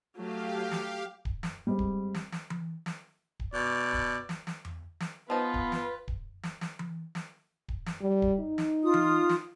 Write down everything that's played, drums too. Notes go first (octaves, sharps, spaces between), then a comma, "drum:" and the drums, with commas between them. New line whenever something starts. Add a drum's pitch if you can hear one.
F#3 A3 G4 F5
drum: snare
drum: kick D1
drum: snare
G3 G#3 C4
drum: kick D1
drum: snare
drum: snare
drum: tom E3
drum: snare
drum: kick D1
B2 D5
drum: kick D1
drum: snare
drum: snare
drum: tom E2
drum: snare
F3 B3 D#4 F4 B4
drum: kick D1
drum: snare
drum: kick D1
drum: snare
drum: snare
drum: tom E3
drum: snare
drum: kick D1
drum: snare
G3
drum: kick D1
D#4
drum: snare
F4 D#6
drum: tom E3
drum: snare